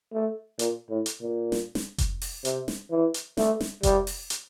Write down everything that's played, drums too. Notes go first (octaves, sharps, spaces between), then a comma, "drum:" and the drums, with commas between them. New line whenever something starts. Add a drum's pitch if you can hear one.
A3
A#2, drum: hi-hat
A2
drum: hi-hat
A#2
drum: snare
drum: snare
drum: kick F1, hi-hat
drum: open hi-hat
C3, drum: hi-hat
drum: snare
E3
drum: hi-hat
A3, drum: snare
drum: snare
G3, drum: kick F1, hi-hat
drum: open hi-hat
drum: hi-hat